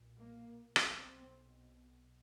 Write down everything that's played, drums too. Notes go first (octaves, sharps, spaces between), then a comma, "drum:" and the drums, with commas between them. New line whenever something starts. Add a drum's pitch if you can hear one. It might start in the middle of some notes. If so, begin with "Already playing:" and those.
Already playing: B1 A#2
A#3
drum: rim click
B1 B2 C4